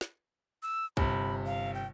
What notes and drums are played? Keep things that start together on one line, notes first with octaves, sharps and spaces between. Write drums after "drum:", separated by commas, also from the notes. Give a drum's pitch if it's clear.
drum: snare
E6
G1 C3 B5, drum: kick
F5
G5